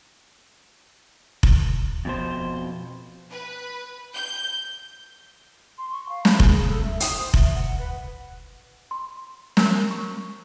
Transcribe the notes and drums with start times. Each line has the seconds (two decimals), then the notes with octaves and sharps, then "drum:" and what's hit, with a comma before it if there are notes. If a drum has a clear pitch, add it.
1.43 drum: kick F1
2.05 F2 B2 C5
3.30 B4
4.15 G6
5.78 C6
5.92 C#6
6.09 F5
6.25 B5, drum: snare
6.40 G#4, drum: kick F1
6.68 A4
6.83 E5
7.00 D#6, drum: hi-hat
7.17 C5
7.34 E5, drum: kick F1
7.54 F#5
7.78 B4
8.91 C6
9.57 A#4, drum: snare
9.91 C#6